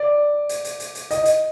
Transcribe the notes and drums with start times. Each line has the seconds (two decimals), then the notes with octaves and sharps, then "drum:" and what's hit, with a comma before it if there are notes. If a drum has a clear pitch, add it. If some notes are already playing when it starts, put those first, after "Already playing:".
Already playing: D5
0.49 drum: hi-hat
0.65 drum: hi-hat
0.80 drum: hi-hat
0.95 drum: hi-hat
1.11 D#5, drum: hi-hat
1.25 drum: hi-hat